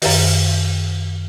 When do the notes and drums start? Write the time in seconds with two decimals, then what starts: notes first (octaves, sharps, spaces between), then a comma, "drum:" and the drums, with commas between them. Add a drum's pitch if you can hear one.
0.02 F#2 D#3, drum: open hi-hat